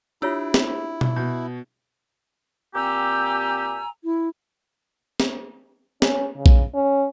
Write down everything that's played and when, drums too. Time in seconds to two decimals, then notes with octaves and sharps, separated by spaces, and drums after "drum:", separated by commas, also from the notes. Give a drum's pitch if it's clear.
0.22 D4 E4 F4 G4 C#5 E6 D7
0.54 drum: snare
1.01 drum: tom B2
1.16 B2 G6
2.74 A#2 C4 G4 G#5 A#5 E6
4.04 E4
5.20 drum: snare
6.02 C#4, drum: snare
6.36 C#3
6.46 drum: kick A#1
6.74 C#4